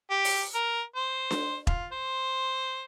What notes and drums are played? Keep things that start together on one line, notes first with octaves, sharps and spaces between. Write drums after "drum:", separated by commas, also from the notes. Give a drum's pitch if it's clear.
G4
drum: open hi-hat
A#4
C5
drum: snare D4
F4, drum: kick E1
C5